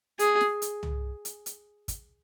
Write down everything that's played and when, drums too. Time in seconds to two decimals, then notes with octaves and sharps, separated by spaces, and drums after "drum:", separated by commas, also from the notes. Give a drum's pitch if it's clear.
0.19 G#4, drum: hi-hat
0.41 drum: snare
0.62 drum: hi-hat
0.83 drum: tom
1.25 drum: hi-hat
1.46 drum: hi-hat
1.88 drum: kick, hi-hat